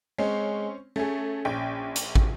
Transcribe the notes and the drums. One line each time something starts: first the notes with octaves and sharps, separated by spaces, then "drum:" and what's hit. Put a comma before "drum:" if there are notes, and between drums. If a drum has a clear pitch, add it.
G#3 C4 C#4
A3 C#4 G#4
A#1 G5
drum: hi-hat
drum: kick